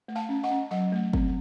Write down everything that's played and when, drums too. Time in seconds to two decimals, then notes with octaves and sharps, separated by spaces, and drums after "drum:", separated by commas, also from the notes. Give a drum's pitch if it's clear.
0.08 A3
0.16 F5 A5
0.29 C#4
0.43 D#5 F#5
0.51 C#4
0.71 F#3 D#5 F#5
0.92 A3
1.13 C4, drum: kick